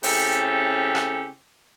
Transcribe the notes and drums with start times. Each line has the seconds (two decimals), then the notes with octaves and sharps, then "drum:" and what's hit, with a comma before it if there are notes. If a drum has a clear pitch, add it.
0.03 C#3 A3 C4 C#4 E4 G4, drum: open hi-hat
0.95 drum: rim click